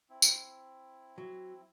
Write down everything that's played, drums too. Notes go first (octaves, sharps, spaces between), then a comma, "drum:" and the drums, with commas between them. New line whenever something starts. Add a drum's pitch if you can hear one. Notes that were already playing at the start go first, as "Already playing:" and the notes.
C4 E4
drum: tambourine
F#3